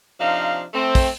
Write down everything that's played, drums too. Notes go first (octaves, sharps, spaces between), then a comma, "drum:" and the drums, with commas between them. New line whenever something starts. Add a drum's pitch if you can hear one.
C3 F3 D4 D#4 F5
A3 C4
drum: kick, open hi-hat